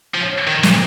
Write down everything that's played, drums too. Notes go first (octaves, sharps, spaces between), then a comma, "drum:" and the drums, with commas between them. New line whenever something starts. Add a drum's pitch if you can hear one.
F3
D#3
A#2, drum: snare